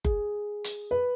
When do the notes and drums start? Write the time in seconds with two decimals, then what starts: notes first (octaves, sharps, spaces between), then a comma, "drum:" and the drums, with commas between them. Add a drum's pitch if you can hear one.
0.04 G#4, drum: kick F#1
0.64 drum: hi-hat
0.91 B4